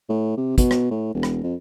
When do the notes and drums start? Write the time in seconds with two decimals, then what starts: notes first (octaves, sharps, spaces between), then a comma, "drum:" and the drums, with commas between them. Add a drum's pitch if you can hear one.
0.09 A2
0.38 C3
0.58 B2, drum: kick, hi-hat
0.71 drum: rim click
0.91 A2
1.14 E1
1.23 drum: rim click
1.44 F2